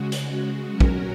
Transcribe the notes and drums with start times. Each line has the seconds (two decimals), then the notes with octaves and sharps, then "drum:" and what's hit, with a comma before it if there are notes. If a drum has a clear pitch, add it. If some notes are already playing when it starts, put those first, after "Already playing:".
Already playing: C#3 G#3 F#4
0.12 drum: hi-hat
0.71 F#3 C#4 F#4 A#4
0.80 drum: kick